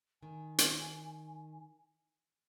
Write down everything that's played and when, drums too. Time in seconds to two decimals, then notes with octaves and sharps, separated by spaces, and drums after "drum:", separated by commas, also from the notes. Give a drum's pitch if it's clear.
0.23 D#3 G#5
0.58 drum: hi-hat